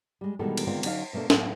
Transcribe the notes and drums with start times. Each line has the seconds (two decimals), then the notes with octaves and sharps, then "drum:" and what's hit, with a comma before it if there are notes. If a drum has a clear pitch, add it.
0.21 G3 G#3
0.39 B2 D#3 E3 G3 G#3 A4
0.57 drum: cymbal
0.67 D3 D#3 G#3 B3 C4 F4
0.83 D3 F#3 C#4 D#4 C#5 F5, drum: cymbal
1.13 B2 A3 A#3 D4 A4
1.30 A2 F#3 B3 C#4 F5, drum: snare